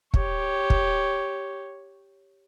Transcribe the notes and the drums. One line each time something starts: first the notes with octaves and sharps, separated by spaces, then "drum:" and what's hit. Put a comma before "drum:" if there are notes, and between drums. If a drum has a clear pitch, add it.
G4 C#5, drum: kick
drum: kick